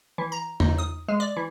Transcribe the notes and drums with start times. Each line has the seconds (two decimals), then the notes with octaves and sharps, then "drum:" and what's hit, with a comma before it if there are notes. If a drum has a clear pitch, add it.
0.18 E3
0.32 A#5
0.60 D#4, drum: tom E2
0.78 D#6
1.08 G#3
1.20 D5
1.37 E3